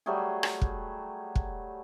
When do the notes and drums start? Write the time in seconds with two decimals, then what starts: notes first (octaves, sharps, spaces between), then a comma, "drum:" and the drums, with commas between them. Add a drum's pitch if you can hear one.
0.06 F#3 G3 A3 G#4
0.43 drum: rim click
0.61 drum: kick
1.35 drum: kick